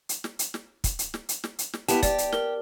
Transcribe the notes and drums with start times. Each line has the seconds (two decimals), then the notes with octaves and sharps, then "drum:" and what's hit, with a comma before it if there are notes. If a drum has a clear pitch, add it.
0.09 drum: hi-hat
0.24 drum: snare
0.39 drum: hi-hat
0.54 drum: snare
0.84 drum: kick, hi-hat
0.99 drum: hi-hat
1.14 drum: snare
1.29 drum: hi-hat
1.44 drum: snare
1.59 drum: hi-hat
1.74 drum: snare
1.88 B3 E4 G4 A5, drum: hi-hat
2.03 G4 D5, drum: kick, hi-hat
2.18 drum: hi-hat
2.33 A#4, drum: snare